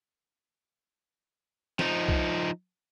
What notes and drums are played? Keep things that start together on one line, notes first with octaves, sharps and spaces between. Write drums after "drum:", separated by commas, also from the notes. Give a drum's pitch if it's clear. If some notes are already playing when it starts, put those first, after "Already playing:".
F3 D#4, drum: snare
drum: kick B1